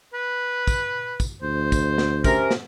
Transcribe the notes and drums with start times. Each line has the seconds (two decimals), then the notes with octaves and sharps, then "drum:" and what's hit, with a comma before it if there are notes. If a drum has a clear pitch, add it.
0.14 B4
0.67 drum: kick, tambourine
1.20 drum: kick, tambourine
1.42 D2 C5
1.72 drum: kick, tambourine
1.98 drum: snare
2.24 C3 C#4 A#4, drum: kick, tambourine
2.51 drum: snare